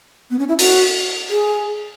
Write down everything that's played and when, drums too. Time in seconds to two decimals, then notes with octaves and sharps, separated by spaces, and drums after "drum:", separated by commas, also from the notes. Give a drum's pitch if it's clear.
0.31 B3
0.39 C#4
0.49 E4
0.59 F#4, drum: open hi-hat
1.30 G#4